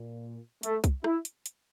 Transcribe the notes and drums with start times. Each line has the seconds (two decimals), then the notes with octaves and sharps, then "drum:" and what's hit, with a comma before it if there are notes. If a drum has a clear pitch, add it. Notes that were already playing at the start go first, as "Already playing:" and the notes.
Already playing: A#2
0.63 A3, drum: hi-hat
0.84 drum: kick C2, hi-hat
1.04 E4, drum: rim click
1.25 drum: hi-hat
1.46 drum: hi-hat